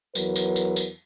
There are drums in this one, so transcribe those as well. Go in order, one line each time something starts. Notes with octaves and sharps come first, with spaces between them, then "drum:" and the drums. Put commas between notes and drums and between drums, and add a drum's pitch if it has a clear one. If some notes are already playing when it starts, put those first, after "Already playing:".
E2 F#3 A#4 B4, drum: tambourine
drum: tambourine
drum: tambourine
drum: tambourine